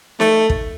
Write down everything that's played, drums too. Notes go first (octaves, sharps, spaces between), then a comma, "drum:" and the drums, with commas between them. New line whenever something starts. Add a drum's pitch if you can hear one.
A3, drum: snare
drum: kick